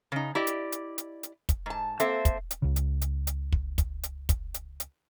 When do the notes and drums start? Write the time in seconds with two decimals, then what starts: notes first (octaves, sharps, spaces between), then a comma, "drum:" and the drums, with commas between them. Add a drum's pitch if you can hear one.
0.12 C#3 D#4
0.35 E4 G4 D5 D#5
0.47 drum: hi-hat
0.72 drum: hi-hat
0.98 drum: hi-hat
1.23 drum: hi-hat
1.49 drum: kick, hi-hat
1.66 G#2 A5
2.00 A#3 C4 A4 C5 E5, drum: hi-hat
2.25 drum: kick, hi-hat
2.51 drum: hi-hat
2.62 C#2 C#3
2.76 drum: hi-hat
3.02 drum: hi-hat
3.27 drum: hi-hat
3.52 drum: kick
3.78 drum: kick, hi-hat
4.03 drum: hi-hat
4.29 drum: kick, hi-hat
4.54 drum: hi-hat
4.80 drum: hi-hat